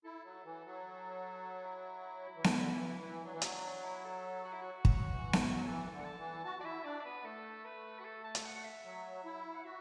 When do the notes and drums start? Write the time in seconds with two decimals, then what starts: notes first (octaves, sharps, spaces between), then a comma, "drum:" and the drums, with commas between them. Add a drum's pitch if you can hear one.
0.04 E4 A4
0.24 F#3
0.45 E3
0.65 F#3
1.64 E4
2.36 E3
2.44 D3, drum: snare B3
2.72 E3
2.98 E3
3.24 F#3 D4
3.33 E3
3.42 F#3 D4, drum: hi-hat
3.65 D4
3.85 E4
4.05 A4
4.44 F#4
4.53 E4
4.62 F#4
4.85 F#3, drum: kick
5.11 E3
5.33 drum: snare B3
5.45 A3
5.55 F#3
5.65 E3 A4
5.92 D3
6.00 F#5
6.04 A5
6.18 E3
6.45 F#4 A5
6.59 F#4 D5
6.64 E4 E5
6.85 D4 D5
7.00 D5
7.05 B3 B4
7.20 B3
7.24 A3 A4
7.65 B4
8.00 F#4
8.05 A4
8.24 A5
8.35 drum: hi-hat
8.45 F#5
8.55 F#5
8.65 E5
8.85 F#3
9.25 E4
9.55 F#5
9.65 F#4 E5